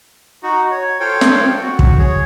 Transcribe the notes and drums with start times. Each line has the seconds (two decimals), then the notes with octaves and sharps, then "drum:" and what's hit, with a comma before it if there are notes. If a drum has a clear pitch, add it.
0.43 D#4 F#4
0.71 C#5
1.00 F4 A4 C5 C#5 F5 G5
1.21 drum: snare
1.62 F#4
1.79 drum: kick
1.98 G#4 C#5